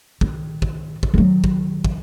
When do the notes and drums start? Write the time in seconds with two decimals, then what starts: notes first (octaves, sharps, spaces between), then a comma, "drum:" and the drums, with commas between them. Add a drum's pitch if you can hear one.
0.21 D#3, drum: kick
0.62 drum: kick
1.03 drum: kick
1.14 D#3 F#3
1.44 drum: kick
1.85 drum: kick